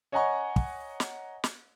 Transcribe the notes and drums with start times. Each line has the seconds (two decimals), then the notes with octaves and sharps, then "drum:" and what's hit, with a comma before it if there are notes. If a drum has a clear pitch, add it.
0.12 C#5 D#5 F#5 G#5 A#5 C#6
0.56 drum: kick
1.00 drum: snare
1.44 drum: snare